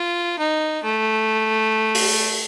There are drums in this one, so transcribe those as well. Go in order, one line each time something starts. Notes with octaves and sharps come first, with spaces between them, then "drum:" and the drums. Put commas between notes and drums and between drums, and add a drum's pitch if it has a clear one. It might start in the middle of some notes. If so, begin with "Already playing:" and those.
Already playing: F4
D#4
A3
drum: open hi-hat